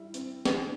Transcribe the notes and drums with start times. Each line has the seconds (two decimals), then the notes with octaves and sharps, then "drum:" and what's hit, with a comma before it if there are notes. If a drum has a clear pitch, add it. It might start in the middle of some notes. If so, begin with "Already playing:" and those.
Already playing: G3 E4
0.14 C4, drum: hi-hat
0.45 drum: snare
0.61 D3